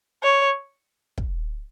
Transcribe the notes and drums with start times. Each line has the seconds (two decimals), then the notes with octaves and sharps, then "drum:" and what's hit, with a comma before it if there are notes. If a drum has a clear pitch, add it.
0.23 C#5
1.18 drum: kick